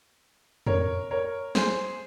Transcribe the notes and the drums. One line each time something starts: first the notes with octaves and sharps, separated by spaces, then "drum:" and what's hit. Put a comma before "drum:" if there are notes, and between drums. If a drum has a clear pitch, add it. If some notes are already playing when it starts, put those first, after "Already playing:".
A#4 C#5, drum: tom F2
A#4 C#5
G#4 C5, drum: snare